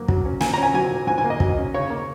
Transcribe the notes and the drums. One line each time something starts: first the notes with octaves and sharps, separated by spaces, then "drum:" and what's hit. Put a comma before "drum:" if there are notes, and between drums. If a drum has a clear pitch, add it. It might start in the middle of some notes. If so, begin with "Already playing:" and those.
Already playing: F#2 A#3
F#3, drum: kick
C#4
A#2 G#5, drum: snare
C#4 A#5
G#5
F#3 G#5
A#2
G#2 G#5
G#5
A#3
D#5
F#3, drum: kick
C#4
C#3 C#5
A#3